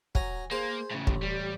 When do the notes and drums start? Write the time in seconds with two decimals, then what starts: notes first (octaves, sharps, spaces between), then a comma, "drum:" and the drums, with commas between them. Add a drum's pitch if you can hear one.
0.15 F#3 G#5 A#5, drum: kick
0.51 A#3 G#4 C5
0.91 A2 C#3
1.07 A1, drum: kick
1.23 G3